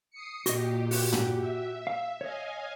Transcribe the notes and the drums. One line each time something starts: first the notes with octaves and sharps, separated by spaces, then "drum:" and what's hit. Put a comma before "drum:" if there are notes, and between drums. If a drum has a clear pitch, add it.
D#6 C7 C#7
A#2 F#4 G4 D#5, drum: hi-hat
F#4, drum: open hi-hat
drum: tom
E5
F5
C#5 D#5 F5 G#5